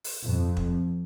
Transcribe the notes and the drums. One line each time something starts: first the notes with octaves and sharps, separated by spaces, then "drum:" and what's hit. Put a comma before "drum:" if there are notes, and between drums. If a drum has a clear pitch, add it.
drum: open hi-hat
F2
drum: kick